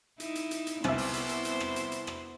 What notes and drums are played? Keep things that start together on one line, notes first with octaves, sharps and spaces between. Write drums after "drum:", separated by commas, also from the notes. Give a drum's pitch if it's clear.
D#4 E4, drum: hi-hat
drum: hi-hat
drum: hi-hat
drum: hi-hat
C2 B3 E4 C5 E5, drum: rim click
drum: open hi-hat
drum: hi-hat
drum: hi-hat
drum: hi-hat
drum: rim click
drum: hi-hat
drum: hi-hat
drum: rim click